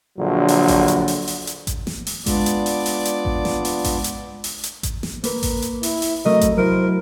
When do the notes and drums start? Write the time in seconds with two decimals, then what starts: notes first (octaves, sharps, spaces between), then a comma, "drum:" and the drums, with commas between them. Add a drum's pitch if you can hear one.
0.18 A#1 D3 F#3
0.48 drum: open hi-hat
0.68 drum: kick A1, open hi-hat
0.88 drum: hi-hat
1.08 drum: open hi-hat
1.27 drum: open hi-hat
1.47 drum: hi-hat
1.67 drum: kick A1, hi-hat
1.87 drum: snare
2.07 drum: open hi-hat
2.26 G#3 B3 D4 F4 D5, drum: kick A1, open hi-hat
2.46 drum: hi-hat
2.66 drum: open hi-hat
2.86 drum: open hi-hat
3.05 drum: hi-hat
3.25 drum: kick A1
3.45 drum: snare
3.65 drum: open hi-hat
3.84 drum: kick A1, open hi-hat
4.04 drum: hi-hat
4.44 drum: open hi-hat
4.63 drum: hi-hat
4.83 drum: kick A1, hi-hat
5.03 drum: snare
5.24 A#3 A#4 B4, drum: open hi-hat
5.43 drum: kick A1, open hi-hat
5.62 drum: hi-hat
5.83 E4, drum: open hi-hat
6.02 drum: open hi-hat
6.25 C3 F#3 A3 A#4 D#5
6.41 drum: kick A1, hi-hat
6.57 F#3 E4 A#4 C5